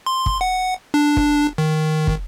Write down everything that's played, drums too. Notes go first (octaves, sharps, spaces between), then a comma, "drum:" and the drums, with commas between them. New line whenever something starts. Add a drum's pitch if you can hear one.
C6
drum: kick
F#5
D4
drum: kick
D#3
drum: kick